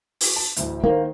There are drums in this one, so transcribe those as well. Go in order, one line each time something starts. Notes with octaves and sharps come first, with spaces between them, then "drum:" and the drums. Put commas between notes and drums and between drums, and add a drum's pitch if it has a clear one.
drum: open hi-hat
A5
A1 D2 A2, drum: hi-hat
D#3 A#3 C5